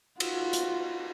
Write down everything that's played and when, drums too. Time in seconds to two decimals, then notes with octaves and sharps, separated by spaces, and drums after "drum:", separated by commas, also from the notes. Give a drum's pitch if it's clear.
0.20 F4 F#4, drum: cymbal
0.53 drum: hi-hat